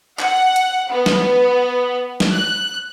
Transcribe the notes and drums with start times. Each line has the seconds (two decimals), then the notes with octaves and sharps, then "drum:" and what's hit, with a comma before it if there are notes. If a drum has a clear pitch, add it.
0.19 F#5, drum: clap
0.56 drum: hi-hat
0.91 B3
1.06 drum: snare
2.20 drum: snare
2.34 F#6